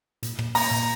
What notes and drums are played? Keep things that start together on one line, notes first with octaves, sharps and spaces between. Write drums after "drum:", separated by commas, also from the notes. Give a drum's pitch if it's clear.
A#2, drum: hi-hat
A#2, drum: rim click
A#3 A#5, drum: open hi-hat
A#2